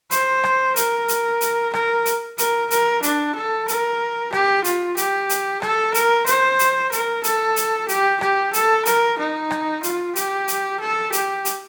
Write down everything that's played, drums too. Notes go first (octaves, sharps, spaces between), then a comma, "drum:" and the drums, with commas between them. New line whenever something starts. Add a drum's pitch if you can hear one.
C5, drum: hi-hat
drum: rim click
A#4, drum: hi-hat
drum: hi-hat
drum: hi-hat
A#4, drum: rim click
drum: hi-hat
A#4, drum: hi-hat
A#4, drum: hi-hat
D4, drum: hi-hat
A4
A#4, drum: hi-hat
G4, drum: rim click
F4, drum: hi-hat
G4, drum: hi-hat
drum: hi-hat
A4, drum: rim click
A#4, drum: hi-hat
C5, drum: hi-hat
drum: hi-hat
A#4, drum: hi-hat
A4, drum: hi-hat
drum: hi-hat
G4, drum: hi-hat
G4, drum: rim click
A4, drum: hi-hat
A#4, drum: hi-hat
D#4
drum: rim click
F4, drum: hi-hat
G4, drum: hi-hat
drum: hi-hat
A4
G4, drum: hi-hat
drum: hi-hat